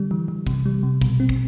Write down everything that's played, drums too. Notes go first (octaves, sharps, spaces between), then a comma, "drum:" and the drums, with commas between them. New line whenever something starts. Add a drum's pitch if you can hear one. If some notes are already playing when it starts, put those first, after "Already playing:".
Already playing: D3 G3
E3
E3
C3, drum: kick
G3
C3
B2, drum: kick
C4
drum: kick